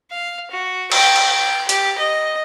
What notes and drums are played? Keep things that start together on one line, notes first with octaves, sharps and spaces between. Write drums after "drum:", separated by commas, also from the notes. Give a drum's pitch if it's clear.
F5
F#4
G5, drum: cymbal
drum: cymbal
G5
G4, drum: hi-hat
D#5